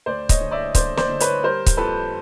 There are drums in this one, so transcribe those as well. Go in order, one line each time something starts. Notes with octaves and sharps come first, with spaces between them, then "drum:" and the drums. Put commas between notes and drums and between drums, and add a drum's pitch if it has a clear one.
D2 C5 D5
C#5 D#5, drum: kick C#1, hi-hat
D3
D5 E5
D3 C5 D5, drum: kick C#1, hi-hat
C5 D5, drum: snare
D3
B4 C#5, drum: hi-hat
G3 A#4 C5
drum: kick C#1, hi-hat
F2 A4 B4